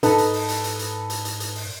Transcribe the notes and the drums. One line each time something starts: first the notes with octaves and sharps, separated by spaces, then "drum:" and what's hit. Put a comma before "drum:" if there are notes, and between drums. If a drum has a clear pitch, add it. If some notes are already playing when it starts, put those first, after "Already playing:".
G#2 D#4 A4 B4, drum: hi-hat
drum: hi-hat
drum: open hi-hat
drum: hi-hat
drum: hi-hat
drum: hi-hat
drum: hi-hat
drum: hi-hat
drum: hi-hat
drum: open hi-hat